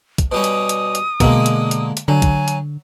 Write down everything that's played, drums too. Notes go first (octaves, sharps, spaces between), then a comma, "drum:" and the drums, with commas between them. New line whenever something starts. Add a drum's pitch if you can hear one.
drum: kick, hi-hat
B2 G3 C#4 D#6
drum: hi-hat
drum: hi-hat
drum: hi-hat
B2 D3 G#3 A#3, drum: kick, hi-hat
drum: hi-hat
drum: hi-hat
drum: hi-hat
D3 F#3 G#5
drum: kick, hi-hat
drum: hi-hat